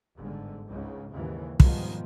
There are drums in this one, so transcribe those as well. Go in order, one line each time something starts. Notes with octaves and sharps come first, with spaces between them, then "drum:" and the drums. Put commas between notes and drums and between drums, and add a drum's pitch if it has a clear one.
G1 G#2 D3
C#2 G#2 C#3
D#2 G#2 C#3 E3
G#2 B2 D#3 F3 G3 B3, drum: kick